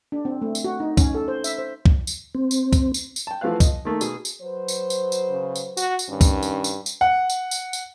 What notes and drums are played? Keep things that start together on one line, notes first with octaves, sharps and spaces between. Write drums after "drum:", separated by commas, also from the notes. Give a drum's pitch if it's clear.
D4
C4
A3
drum: tambourine
F#4
D#4
C#4, drum: kick C2, tambourine
A4
C5
E5, drum: tambourine
C5
drum: kick C2
drum: tambourine
C4
drum: tambourine
drum: kick C2, tambourine
drum: tambourine
drum: tambourine
G5 A5
E3 F3 A3 B3 F5 F#6
D#5, drum: kick C2, tambourine
D#3 A3 A#3
B2 G#4 D#6, drum: tambourine
drum: tambourine
F#3 B4 C5
drum: tambourine
drum: tambourine
drum: tambourine
C#3
drum: tambourine
F#4, drum: tambourine
drum: tambourine
G2 D#3 C#4
drum: kick C2, tambourine
drum: tambourine
drum: tambourine
drum: tambourine
F#5
drum: tambourine
drum: tambourine
drum: tambourine